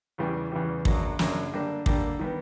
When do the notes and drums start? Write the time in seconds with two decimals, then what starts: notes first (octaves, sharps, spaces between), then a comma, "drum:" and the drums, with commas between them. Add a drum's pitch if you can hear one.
0.18 E2 C#3 E3 G3
0.52 E2 C#3 E3 G3
0.85 F#2 C#3 F#3 A#3 D4, drum: kick
1.19 F#2 C#3 F#3 A#3 D4, drum: snare
1.52 D3 G3 A#3 D4
1.86 D3 G3 A#3 D4, drum: kick
2.19 D#3 G3 B3